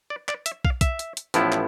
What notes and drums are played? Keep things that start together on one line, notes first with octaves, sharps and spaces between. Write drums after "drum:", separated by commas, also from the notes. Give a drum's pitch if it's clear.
D5
D5, drum: clap
E5, drum: hi-hat
F5, drum: kick
E5, drum: kick, hi-hat
drum: hi-hat
drum: hi-hat
A1 A2 F3 B3 E4, drum: hi-hat
drum: clap